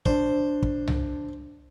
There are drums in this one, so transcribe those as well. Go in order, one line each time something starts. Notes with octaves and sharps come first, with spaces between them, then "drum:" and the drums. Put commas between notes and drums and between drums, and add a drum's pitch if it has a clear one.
D4 C5, drum: kick
drum: kick
drum: tom C2